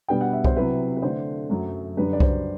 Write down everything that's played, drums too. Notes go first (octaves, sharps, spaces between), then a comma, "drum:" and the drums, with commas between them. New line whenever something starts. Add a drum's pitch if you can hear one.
B2 G3 B3 D4 G5
F#5
E5
C5, drum: kick C2
C3 F#3 C4 E4 B4
B4
D3 A3 D4 C5
F#2 F#3 A3
F#2 D3 G3 D4 B4
D5
C5, drum: kick C2